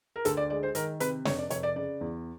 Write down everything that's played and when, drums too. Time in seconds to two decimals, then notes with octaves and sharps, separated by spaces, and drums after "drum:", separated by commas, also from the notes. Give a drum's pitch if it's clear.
0.16 A#4
0.25 D2 A4, drum: hi-hat
0.37 D5
0.50 G#3 D5
0.63 C5
0.75 D#3 A#4, drum: hi-hat
1.00 C3 B4, drum: hi-hat
1.25 F1 C#5, drum: snare
1.38 D5
1.50 F1 C#5, drum: hi-hat
1.63 D5
1.76 C#3 D5
2.01 E2